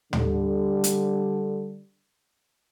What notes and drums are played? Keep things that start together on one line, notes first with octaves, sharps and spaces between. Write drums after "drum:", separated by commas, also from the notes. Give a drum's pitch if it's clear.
D3 G3, drum: tom
drum: hi-hat